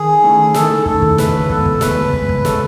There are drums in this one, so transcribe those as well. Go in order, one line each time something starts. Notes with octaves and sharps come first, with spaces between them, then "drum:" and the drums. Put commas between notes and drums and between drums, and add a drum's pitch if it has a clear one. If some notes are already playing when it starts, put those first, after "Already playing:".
Already playing: D#3 G#4
A3 C#4 E4
D#3 A4, drum: snare
A3 C#4 E4 A4, drum: kick
drum: kick
C#3 B4, drum: snare
G#3 B3 A4, drum: kick
drum: kick
C#3 B4, drum: snare
G#3 B3, drum: kick
drum: kick
C#3 A4, drum: snare